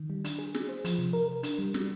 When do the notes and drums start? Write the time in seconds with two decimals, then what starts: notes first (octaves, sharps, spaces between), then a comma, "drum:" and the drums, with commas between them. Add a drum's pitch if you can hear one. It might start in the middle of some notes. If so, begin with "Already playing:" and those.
Already playing: D#3
0.10 G3
0.24 D4, drum: hi-hat
0.39 G#4
0.55 G#4, drum: snare
0.69 C5
0.85 F3, drum: hi-hat
0.98 C3
1.13 A#4
1.28 A#4
1.43 D4, drum: hi-hat
1.59 G3
1.74 G3, drum: snare